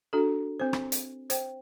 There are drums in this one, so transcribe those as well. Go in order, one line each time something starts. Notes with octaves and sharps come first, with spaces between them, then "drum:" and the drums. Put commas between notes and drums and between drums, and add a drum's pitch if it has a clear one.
D4 F#4 A4
C4 C5
drum: rim click
drum: hi-hat
C5 G5, drum: hi-hat